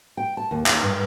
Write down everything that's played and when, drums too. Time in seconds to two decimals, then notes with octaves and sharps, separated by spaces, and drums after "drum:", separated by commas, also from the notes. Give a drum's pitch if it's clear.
0.17 G5
0.37 A5
0.51 D#2
0.66 D#2, drum: clap
0.83 G2